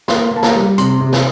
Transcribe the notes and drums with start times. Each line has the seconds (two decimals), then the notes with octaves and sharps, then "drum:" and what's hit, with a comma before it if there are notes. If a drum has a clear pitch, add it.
0.08 A#3 C6, drum: snare
0.31 A#3
0.36 A5
0.43 A#5, drum: snare
0.55 G3
0.78 C3 C6, drum: hi-hat
1.01 C3
1.13 drum: snare